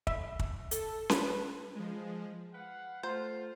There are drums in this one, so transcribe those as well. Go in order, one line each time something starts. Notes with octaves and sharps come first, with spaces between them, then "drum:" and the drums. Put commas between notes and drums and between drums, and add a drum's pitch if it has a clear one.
E5, drum: kick
drum: kick
A4, drum: hi-hat
B4, drum: snare C#4
F3 G#3
B4 F5 F#5
A3 F4 A4 C5